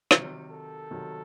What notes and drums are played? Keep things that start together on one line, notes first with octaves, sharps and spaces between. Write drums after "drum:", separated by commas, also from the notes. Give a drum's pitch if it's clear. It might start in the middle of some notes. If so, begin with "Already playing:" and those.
C3 D#3 F#3, drum: rim click
A4
C3 D#3 F#3